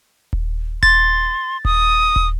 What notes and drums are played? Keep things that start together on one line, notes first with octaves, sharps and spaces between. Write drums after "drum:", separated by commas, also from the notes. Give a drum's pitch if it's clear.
drum: kick D#1
C6 A6, drum: kick D#1
D#6, drum: kick D#1
drum: kick D#1